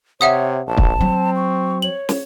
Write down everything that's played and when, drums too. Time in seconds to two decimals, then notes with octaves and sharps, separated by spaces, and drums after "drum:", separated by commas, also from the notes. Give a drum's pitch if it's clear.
0.21 C3 C#5 E5 F#5 D#6
0.67 A#1 A5
0.77 drum: kick
1.01 F#3 C4
1.36 C#6
1.82 C#5 F#7
2.09 drum: snare